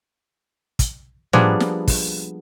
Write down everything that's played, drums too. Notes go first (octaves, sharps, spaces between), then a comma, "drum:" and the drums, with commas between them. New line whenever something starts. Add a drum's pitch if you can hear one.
drum: kick, hi-hat
F3 G3 A#3 B3 D4 G#4, drum: tom A2
drum: snare
drum: kick, open hi-hat